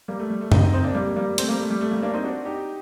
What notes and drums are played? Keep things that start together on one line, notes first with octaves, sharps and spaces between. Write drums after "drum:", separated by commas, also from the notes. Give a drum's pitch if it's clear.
G3 A#3
A3
G3
A3
C4 D#4, drum: tom F#2
C4 D#4
C4 D#4
A#3 D4
G3 A#3
G3 A#3
A3 C4, drum: hi-hat
G3 A#3
A3
G3
A3
G3 A#3
A#3 D4
C4 D#4
D4 F#4
D#4 G4